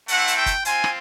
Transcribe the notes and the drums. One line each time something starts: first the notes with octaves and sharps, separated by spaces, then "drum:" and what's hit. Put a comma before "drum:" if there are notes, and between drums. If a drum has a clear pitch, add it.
A3 C4 E4 F#5, drum: hi-hat
drum: hi-hat
G5
drum: kick, hi-hat
C4 F4 G#5, drum: hi-hat
drum: rim click